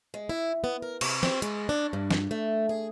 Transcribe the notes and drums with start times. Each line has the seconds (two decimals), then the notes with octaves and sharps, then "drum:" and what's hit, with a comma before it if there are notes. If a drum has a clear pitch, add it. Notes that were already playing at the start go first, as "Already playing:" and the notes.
0.14 G#3
0.29 E4
0.64 B3
0.82 A#4
1.01 C3, drum: cymbal
1.23 C4, drum: snare
1.42 G#3, drum: hi-hat
1.69 D4
1.93 G2
2.11 drum: snare
2.31 A3
2.69 G#4